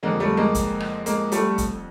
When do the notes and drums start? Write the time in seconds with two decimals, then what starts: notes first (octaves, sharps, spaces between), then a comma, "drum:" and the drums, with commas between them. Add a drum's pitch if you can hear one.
0.03 F2 D3 G#3 A#3
0.20 G3 A3
0.37 G#3 A#3
0.55 drum: kick, hi-hat
0.80 drum: rim click
1.06 G#3 A#3, drum: hi-hat
1.32 G3 A3, drum: hi-hat
1.58 drum: kick, hi-hat